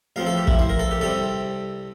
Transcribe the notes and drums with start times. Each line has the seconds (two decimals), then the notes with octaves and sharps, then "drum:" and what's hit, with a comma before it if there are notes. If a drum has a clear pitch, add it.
0.16 A1 A2 F3 C4 F5
0.27 A4
0.37 G4
0.47 E4, drum: kick
0.59 C5
0.69 A#4
0.79 A4
0.91 G4
1.01 C2 C3 G3 C4 A4